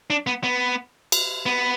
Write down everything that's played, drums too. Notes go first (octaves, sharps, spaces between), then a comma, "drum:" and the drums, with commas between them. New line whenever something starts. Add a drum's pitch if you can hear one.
D4
B3
B3
drum: cymbal
B3